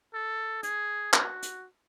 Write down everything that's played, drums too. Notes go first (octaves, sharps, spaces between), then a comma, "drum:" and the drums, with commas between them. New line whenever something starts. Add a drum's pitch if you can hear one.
A4
G#4, drum: hi-hat
F#4, drum: clap
drum: hi-hat